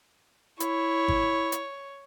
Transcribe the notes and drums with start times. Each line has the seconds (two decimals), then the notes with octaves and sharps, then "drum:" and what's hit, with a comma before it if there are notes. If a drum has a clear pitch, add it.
0.60 E4 C#5, drum: hi-hat
1.08 drum: kick
1.52 drum: hi-hat